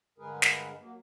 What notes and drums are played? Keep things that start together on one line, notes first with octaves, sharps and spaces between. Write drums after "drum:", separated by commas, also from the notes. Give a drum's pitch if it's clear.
G2 D3 G#3 G#4 A#4 B4
drum: snare
F#3 A#3